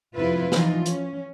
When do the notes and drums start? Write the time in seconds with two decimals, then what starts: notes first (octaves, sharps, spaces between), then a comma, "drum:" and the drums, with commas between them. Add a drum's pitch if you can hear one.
0.16 F2 C3 E4 F4 B4
0.52 E3 F3 D#4 F4, drum: snare
0.86 C#4, drum: hi-hat